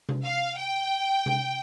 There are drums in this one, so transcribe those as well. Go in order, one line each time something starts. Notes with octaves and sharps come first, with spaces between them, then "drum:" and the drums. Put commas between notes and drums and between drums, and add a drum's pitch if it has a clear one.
drum: tom C3
F5
G5
drum: tom C3